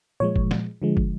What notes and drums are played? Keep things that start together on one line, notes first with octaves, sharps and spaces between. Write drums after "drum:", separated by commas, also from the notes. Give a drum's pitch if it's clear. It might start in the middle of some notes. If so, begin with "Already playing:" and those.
A#2 F3 G#3 C#5
drum: kick
drum: snare
D3 F3 G#3
drum: kick